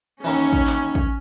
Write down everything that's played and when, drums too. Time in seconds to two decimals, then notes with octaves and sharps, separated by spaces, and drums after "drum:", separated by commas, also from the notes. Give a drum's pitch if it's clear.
0.24 D#2 D#3 E3 C#4
0.53 drum: kick A1
0.67 drum: clap
0.95 drum: kick A1